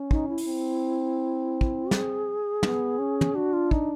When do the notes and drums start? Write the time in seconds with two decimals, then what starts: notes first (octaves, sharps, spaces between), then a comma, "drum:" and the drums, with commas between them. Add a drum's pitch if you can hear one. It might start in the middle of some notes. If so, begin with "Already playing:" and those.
Already playing: C#4
0.11 D#4, drum: kick
0.29 E4
0.38 drum: open hi-hat
0.47 C4
1.61 drum: kick
1.91 G#4, drum: snare
2.63 B3, drum: tom
2.99 C#4
3.21 drum: tom
3.34 D4 F#4
3.53 F4
3.71 D#4, drum: kick